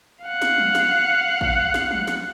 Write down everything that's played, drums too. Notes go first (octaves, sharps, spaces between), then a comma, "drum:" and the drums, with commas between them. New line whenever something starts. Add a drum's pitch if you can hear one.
F5 F#5
drum: snare
drum: tom F3
drum: snare
drum: kick
drum: snare
drum: tom F3
drum: snare